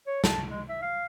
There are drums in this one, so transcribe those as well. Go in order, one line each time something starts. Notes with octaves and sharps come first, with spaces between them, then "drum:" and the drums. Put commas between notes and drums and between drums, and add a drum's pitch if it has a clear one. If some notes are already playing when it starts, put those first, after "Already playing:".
C#5
A5, drum: snare
G#3
E5
F5